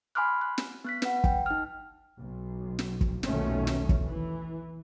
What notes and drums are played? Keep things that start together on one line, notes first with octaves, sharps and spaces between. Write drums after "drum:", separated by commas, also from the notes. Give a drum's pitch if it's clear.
G#5 B5 C6 D6 F6 F#6
F#6
drum: snare
B3 F#6 B6
B4 F#5, drum: snare
G5, drum: kick
D#4 F6
B1
drum: snare
drum: kick
B1 E2 A#2 D#3 A3 C#4, drum: snare
drum: snare
drum: kick
E3